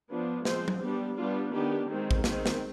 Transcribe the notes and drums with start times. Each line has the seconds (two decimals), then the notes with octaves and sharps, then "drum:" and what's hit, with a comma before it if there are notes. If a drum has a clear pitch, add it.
0.09 F3 B3 D4
0.45 F3 G#3 C4 C5, drum: snare
0.68 drum: tom F#3
0.81 G3 B3 D4 G4
1.17 G3 B3 D4 F4
1.52 D#3 B3 D4 G4
1.88 D#3 G#3 C4
2.11 drum: kick A1
2.24 D#3 G#3 C4, drum: snare
2.46 drum: snare